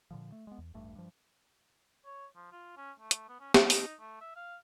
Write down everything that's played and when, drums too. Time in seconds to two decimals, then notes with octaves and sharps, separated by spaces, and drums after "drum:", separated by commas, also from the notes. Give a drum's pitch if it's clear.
0.11 A#2 D3 F3
0.32 A3
0.47 G#3 B3
0.58 E2
0.74 D1 A1 G2 A3
0.95 G2 F3
2.05 C#5
2.36 F3
2.52 F4
2.77 C#4
3.00 A3
3.11 drum: hi-hat
3.29 B3
3.40 C#4
3.54 F4, drum: snare
3.70 D#4, drum: open hi-hat
4.00 A3
4.21 E5
4.36 F5